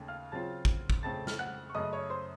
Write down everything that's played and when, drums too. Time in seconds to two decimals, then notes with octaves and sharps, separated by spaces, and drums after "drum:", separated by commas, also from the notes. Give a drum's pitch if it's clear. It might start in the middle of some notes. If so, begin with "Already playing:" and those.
Already playing: D#2 C#3 A3
0.08 F5 F6
0.32 C#3 F#3 C4 F4 A5 A6
0.65 drum: kick
0.90 drum: kick
1.03 F2 C#3 A3 C4 A5 A6
1.27 F6, drum: snare
1.39 F#5 F#6
1.69 C#6
1.75 F#2 C#3 A3 D#5 D#6
1.93 C#5 C#6
2.10 C5 C6